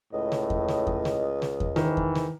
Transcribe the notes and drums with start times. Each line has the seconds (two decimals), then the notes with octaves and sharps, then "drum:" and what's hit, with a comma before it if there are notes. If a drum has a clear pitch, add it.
0.13 C#2 A2 D#5
0.32 drum: snare
0.50 drum: kick E2
0.68 drum: snare
0.87 drum: kick E2
1.05 drum: snare
1.42 drum: snare
1.60 drum: kick E2
1.76 G#2 D#3 E3, drum: snare
1.97 drum: kick E2
2.15 drum: snare